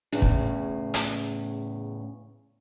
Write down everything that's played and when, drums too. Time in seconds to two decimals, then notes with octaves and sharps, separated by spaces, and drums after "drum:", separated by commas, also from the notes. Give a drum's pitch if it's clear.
0.12 E2 A2 C#3
0.22 drum: kick
0.94 drum: hi-hat